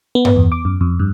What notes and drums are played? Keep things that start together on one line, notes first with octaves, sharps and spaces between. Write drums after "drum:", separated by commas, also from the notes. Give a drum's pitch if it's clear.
B3
drum: tom G2
E2
D6
F#2
F2
G2